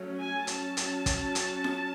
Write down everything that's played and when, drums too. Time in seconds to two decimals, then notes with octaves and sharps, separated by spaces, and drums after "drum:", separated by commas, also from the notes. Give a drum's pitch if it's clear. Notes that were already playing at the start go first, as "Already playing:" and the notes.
Already playing: F#3 A3 C#4
0.18 G#5
0.47 F#3 C#4 A5, drum: hi-hat
0.77 drum: hi-hat
1.06 drum: kick, hi-hat
1.35 drum: hi-hat
1.64 drum: snare F4